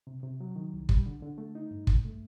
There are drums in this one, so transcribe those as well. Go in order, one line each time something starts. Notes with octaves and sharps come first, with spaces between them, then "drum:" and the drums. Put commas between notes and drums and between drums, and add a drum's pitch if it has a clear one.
C3
C3
F#3
D#3
C2
G3, drum: kick
D3
D3
A3
D#4
G2
G2, drum: kick
A3